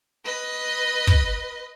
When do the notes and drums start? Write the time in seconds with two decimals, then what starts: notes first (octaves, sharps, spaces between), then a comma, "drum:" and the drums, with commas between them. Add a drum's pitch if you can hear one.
0.25 B4 D#5
1.07 drum: kick